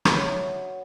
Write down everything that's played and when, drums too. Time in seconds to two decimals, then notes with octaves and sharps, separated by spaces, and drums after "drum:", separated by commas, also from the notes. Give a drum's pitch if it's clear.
0.05 F#3 C#5 E5, drum: rim click
0.40 B3 D4